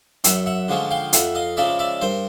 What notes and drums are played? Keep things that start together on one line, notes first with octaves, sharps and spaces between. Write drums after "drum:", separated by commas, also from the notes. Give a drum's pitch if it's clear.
F#2 E5 F#5, drum: hi-hat
E5 F#5
D3 F3 G#3 C#4
F5 G5
F2 E5 F#5, drum: hi-hat
D#5 F5
C#3 F3 G#3 D5 E5
D5 E5
G2 A#4 C5